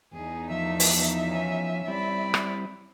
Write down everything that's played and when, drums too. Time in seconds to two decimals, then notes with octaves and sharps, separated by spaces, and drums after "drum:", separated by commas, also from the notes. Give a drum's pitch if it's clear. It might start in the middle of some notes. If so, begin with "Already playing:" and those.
0.13 E2 D#4 G#4
0.51 F3 A3 E5
0.80 drum: open hi-hat
1.28 C#4 G#5
1.88 G3 C4 E4 D5 B5
2.34 drum: rim click